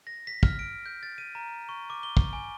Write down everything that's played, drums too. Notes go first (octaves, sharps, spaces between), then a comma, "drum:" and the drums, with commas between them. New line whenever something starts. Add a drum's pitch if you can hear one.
A#6
B6
F6, drum: kick
D7
G6
A6
D#7
A#5
C#6
D6
G7
drum: kick
G#5